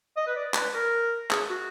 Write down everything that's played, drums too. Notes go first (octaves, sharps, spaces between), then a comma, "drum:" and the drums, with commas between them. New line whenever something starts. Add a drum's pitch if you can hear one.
D#5
B4
D5
B4, drum: clap
A#4
G#4, drum: clap
F#4